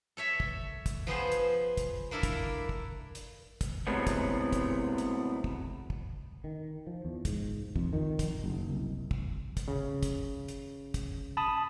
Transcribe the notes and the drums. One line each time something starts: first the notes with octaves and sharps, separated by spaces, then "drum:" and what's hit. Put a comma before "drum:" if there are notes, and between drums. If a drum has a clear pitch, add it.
A4 C#5 E5
drum: kick
drum: kick, hi-hat
F3 B3 G#4 C5
drum: hi-hat
drum: kick, hi-hat
A#3 D4 E4 A4 A#4
drum: kick, hi-hat
drum: kick
drum: hi-hat
drum: kick, hi-hat
A2 C3 F#3 G#3 A3 B3
drum: kick, hi-hat
drum: kick, hi-hat
drum: hi-hat
drum: kick
drum: kick
D#3
F3
E2
G#2, drum: kick, hi-hat
F2, drum: kick
D#3
drum: kick, hi-hat
F#1
C2
drum: kick
drum: kick, hi-hat
C#3
drum: kick, hi-hat
drum: hi-hat
drum: kick, hi-hat
A5 B5 D#6